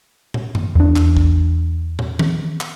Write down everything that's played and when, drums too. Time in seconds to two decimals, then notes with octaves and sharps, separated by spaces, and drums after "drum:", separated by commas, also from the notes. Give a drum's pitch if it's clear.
0.34 drum: tom
0.55 drum: tom F#2
0.75 E2 D4
0.96 drum: clap
1.17 drum: kick
1.99 drum: tom
2.19 drum: tom D#3
2.61 drum: clap